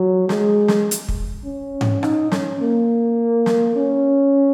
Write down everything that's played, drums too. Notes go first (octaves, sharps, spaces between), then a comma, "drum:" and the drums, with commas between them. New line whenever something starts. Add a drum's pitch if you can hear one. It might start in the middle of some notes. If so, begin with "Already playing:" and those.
Already playing: F#3
G#3, drum: snare
drum: snare
drum: hi-hat
drum: kick
C#4
drum: tom G#2
D#4, drum: rim click
C#4, drum: snare
A#3
drum: snare
C#4